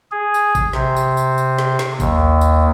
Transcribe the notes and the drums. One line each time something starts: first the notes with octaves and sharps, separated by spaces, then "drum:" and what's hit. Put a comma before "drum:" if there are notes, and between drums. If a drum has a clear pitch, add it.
G#4
drum: tambourine
drum: kick G#1, tambourine
C3, drum: snare
drum: tambourine
drum: tambourine
drum: tambourine
drum: snare
drum: snare
D#2, drum: kick G#1, tambourine
drum: tambourine